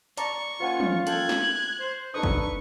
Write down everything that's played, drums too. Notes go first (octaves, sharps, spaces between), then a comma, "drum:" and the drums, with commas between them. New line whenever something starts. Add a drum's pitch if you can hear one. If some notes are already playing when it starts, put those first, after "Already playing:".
D5 A5 A#5 C#6, drum: hi-hat
A#3 C#4 F4 C5 F#5 G#5
drum: tom
A4 G5 F#6 G#6, drum: hi-hat
drum: snare
C5
D4 D#4 A4 B4 C#6 D#6
drum: kick